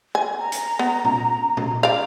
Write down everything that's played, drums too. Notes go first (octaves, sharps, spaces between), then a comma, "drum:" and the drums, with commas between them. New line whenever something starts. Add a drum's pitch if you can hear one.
G#5
A#5
drum: hi-hat
B3
drum: tom A#2
drum: tom A#2
D5 F5